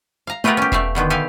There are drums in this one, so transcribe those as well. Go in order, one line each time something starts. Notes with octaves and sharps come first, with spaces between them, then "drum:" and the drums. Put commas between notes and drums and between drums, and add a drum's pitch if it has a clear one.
F5 A#5
A3 B3 F4 G4 A#4 B4, drum: tom A3
C#4 G4
A3 D5 E5 F5, drum: kick E1
B2 D3 D#3 B3
G4 A4 F5 G#5